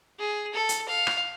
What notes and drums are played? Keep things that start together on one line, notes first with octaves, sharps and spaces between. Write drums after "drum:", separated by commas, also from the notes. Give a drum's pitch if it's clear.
G#4
A4
drum: hi-hat
F5
drum: rim click